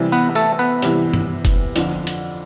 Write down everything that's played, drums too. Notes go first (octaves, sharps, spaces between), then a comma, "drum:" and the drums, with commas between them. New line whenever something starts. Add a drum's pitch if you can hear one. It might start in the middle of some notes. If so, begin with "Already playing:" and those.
Already playing: C3 E3 G3
B3 B4
A3 A4
B3 B4
C3 E3 G3, drum: hi-hat
drum: tom G2
drum: kick F1, hi-hat
F2 D3 F3, drum: hi-hat
drum: hi-hat